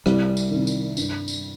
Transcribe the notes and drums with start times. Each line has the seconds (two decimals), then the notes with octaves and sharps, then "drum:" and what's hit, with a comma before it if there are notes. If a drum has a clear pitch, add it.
0.06 C2 G3, drum: rim click
0.37 drum: tambourine
0.51 C3 D#3
0.67 drum: tambourine
0.97 G2, drum: tambourine
1.28 drum: tambourine